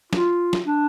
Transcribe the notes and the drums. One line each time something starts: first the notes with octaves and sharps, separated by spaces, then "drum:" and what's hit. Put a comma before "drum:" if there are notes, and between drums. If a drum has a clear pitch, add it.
F4, drum: snare
drum: snare
D4